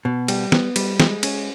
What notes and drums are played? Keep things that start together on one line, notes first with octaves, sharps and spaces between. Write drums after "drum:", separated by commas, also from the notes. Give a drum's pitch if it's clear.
B2
G3, drum: cymbal
B3, drum: snare
G3, drum: cymbal
G#3, drum: snare
C#4, drum: cymbal